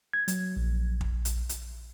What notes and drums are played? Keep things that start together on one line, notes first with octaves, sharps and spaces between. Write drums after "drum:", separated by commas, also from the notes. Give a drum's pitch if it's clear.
G#6
F#3, drum: hi-hat
A#1
drum: kick
drum: hi-hat
drum: hi-hat